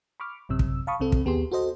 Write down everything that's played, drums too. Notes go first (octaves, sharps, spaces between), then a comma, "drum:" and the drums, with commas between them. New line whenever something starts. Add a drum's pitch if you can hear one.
B5 C#6 D6 F6
A1 F#2 C3 E6
drum: kick
F5 A5 B5 C#6 D#6
C2 C3 C4 A4
drum: kick
D#2 B3 G4 G#4 C6
F#4 A4 C5 D#5